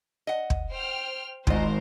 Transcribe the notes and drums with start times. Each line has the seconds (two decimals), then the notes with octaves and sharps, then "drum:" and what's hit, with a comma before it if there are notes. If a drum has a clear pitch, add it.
0.27 D#5 F#5
0.50 drum: kick
0.72 C5 G5 F6
1.47 G#2 D#3 F4 A#4 C5 D#5, drum: kick